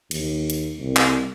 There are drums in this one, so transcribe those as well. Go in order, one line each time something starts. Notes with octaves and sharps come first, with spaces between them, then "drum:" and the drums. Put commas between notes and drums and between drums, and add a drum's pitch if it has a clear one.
D#2, drum: cymbal
drum: hi-hat
C2
drum: clap